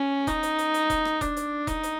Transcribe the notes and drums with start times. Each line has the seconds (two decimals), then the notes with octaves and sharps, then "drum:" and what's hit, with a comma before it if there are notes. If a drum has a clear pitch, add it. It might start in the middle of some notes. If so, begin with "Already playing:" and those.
Already playing: C#4
0.27 D#4, drum: kick E1, hi-hat
0.43 drum: hi-hat
0.59 drum: hi-hat
0.74 drum: hi-hat
0.90 drum: kick E1, hi-hat
1.05 drum: rim click
1.21 D4, drum: kick E1, hi-hat
1.37 drum: hi-hat
1.67 D#4, drum: kick E1, hi-hat
1.83 drum: hi-hat